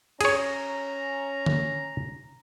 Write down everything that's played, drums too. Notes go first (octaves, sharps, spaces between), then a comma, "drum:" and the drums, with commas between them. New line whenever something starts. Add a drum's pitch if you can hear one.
C#4 G#4 C#5 A#5, drum: cymbal
drum: tom D3